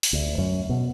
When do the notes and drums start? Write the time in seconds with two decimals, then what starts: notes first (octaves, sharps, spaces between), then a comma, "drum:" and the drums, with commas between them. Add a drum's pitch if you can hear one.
0.03 drum: open hi-hat
0.13 D2
0.38 F#2
0.69 B2